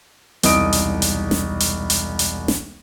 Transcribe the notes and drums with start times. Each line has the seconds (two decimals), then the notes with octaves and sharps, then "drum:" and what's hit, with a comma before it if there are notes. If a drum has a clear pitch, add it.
0.43 E1 C2 D#4 D#5 D#6 D7, drum: hi-hat
0.73 drum: hi-hat
1.02 drum: hi-hat
1.31 drum: snare
1.60 drum: hi-hat
1.90 drum: hi-hat
2.19 drum: hi-hat
2.48 drum: snare